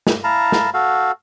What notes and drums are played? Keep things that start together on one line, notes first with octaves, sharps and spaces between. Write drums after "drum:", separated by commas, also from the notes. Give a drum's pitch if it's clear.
drum: snare
E4 F5 A5 A#5
drum: snare
F#4 A4 F5